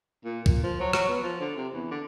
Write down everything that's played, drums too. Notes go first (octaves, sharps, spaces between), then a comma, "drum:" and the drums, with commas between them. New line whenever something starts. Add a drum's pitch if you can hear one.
A#2
A#2, drum: kick C2
F3
F#3
F#3, drum: rim click
B3
F3
D3
C3
E2
D3